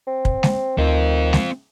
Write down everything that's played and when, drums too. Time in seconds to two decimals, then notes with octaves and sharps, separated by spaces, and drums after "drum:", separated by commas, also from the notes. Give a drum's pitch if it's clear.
0.07 C4
0.25 drum: kick
0.43 drum: snare G#3
0.78 D2 D#3 C4 F4
1.33 drum: snare G#3